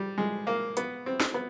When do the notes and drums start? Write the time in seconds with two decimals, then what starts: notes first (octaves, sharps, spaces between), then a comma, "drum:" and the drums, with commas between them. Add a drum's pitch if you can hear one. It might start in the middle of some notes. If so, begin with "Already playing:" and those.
Already playing: G3
0.18 G#3
0.47 A#3
0.77 B3, drum: hi-hat
1.06 C4
1.20 drum: snare
1.34 B3